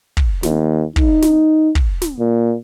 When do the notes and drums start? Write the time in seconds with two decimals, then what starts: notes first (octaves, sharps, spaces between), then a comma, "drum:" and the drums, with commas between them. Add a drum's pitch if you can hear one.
0.17 drum: kick
0.43 D#2, drum: snare
0.96 D#4, drum: kick
1.22 drum: snare
1.75 drum: kick
2.02 drum: snare
2.19 A#2